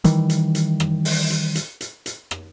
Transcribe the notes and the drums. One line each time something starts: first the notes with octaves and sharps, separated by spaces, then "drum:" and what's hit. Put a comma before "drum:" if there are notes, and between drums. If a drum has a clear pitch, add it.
D#3 E3 G3, drum: hi-hat
drum: hi-hat
drum: hi-hat
drum: rim click
drum: open hi-hat
drum: hi-hat
drum: hi-hat
drum: hi-hat
drum: hi-hat
drum: rim click